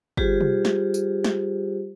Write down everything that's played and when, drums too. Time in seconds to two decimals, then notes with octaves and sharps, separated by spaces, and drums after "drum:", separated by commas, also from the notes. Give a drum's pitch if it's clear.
0.17 G3 F4 G4 G#4 C5, drum: kick G1
0.41 drum: tom
0.65 drum: snare
0.94 drum: tambourine
1.24 drum: snare